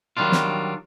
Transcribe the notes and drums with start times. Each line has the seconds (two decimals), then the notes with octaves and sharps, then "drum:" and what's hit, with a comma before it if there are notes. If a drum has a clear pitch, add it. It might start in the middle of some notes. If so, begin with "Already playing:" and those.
0.17 D#3 F#3 G3 D4 F4
0.32 drum: snare